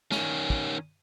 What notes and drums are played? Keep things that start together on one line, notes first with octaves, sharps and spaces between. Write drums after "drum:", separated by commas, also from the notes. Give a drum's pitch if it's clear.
D#3 C#4, drum: snare
drum: kick